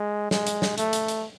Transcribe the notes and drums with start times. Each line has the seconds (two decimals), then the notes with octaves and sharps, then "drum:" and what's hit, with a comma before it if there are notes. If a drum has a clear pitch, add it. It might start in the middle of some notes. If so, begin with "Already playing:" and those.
Already playing: G#3
0.31 G#3, drum: snare
0.47 drum: hi-hat
0.62 drum: snare
0.78 A3, drum: hi-hat
0.93 drum: hi-hat
1.08 drum: hi-hat